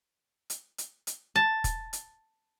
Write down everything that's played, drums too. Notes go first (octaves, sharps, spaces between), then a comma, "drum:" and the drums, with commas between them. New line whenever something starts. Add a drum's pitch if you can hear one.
drum: hi-hat
drum: hi-hat
drum: hi-hat
A5
drum: kick, hi-hat
drum: hi-hat